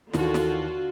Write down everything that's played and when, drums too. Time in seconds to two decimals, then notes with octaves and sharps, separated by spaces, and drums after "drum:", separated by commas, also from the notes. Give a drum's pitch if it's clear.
0.13 D#2 D3 E3 F4 F#4, drum: snare
0.34 drum: snare